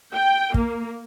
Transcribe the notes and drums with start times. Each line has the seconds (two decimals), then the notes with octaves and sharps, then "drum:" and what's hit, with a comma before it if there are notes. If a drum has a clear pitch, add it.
0.15 G5
0.54 A#3, drum: kick